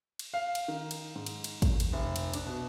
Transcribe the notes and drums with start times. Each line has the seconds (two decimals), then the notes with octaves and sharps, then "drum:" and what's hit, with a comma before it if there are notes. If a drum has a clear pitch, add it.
0.19 drum: cymbal
0.34 F5
0.55 drum: cymbal
0.68 D#3
0.91 drum: cymbal
1.15 G#2
1.26 drum: cymbal
1.44 drum: cymbal
1.62 drum: kick, cymbal
1.80 drum: cymbal
1.93 F1
2.16 drum: cymbal
2.34 D4, drum: cymbal
2.46 B2